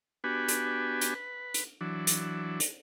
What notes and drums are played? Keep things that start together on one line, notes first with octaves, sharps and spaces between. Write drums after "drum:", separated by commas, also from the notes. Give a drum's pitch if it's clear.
B3 D4 F#4 G4 B4 G#5
drum: hi-hat
drum: hi-hat
B4
drum: hi-hat
E3 F#3 D4
drum: hi-hat
drum: hi-hat